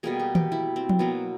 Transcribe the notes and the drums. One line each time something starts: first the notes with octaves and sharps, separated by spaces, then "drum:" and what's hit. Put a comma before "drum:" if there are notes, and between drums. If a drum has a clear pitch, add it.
B2 G3 A#3 G#4
G4
G4, drum: tom D#3
E4
C4
drum: tom F3
B2 F#3 A#3 B3